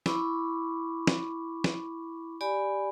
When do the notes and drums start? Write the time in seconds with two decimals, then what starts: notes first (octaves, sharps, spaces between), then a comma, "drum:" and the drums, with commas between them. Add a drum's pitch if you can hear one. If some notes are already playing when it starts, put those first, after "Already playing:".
0.06 E4 B5 C#6 D6, drum: snare
1.07 drum: snare
1.64 drum: snare
2.41 G4 D5 G#5 B5